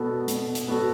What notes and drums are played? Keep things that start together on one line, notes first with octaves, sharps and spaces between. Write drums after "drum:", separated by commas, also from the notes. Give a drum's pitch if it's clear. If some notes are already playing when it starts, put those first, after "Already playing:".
Already playing: B2 B3 F#4 A4
B2, drum: hi-hat
drum: hi-hat
B3 F#4 A4